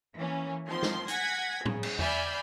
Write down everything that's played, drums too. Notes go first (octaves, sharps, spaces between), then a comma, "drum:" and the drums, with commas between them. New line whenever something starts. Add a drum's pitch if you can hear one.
E3 A#3 C#4
D#3 F3 C4 C6
drum: snare
F#5 G#5 G#6 A#6 B6, drum: hi-hat
C#3, drum: tom A2
drum: cymbal
D5 E5 G#5 B5 F6 G6, drum: tom E2